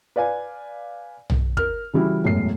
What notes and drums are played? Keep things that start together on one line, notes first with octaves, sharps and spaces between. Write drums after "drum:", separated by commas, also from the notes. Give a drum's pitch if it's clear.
B4 D5 F5 G#5
drum: tom B1
A#4 F6, drum: kick
C#3 E3 G3 E4 F#4
E1 F#2 A2 C7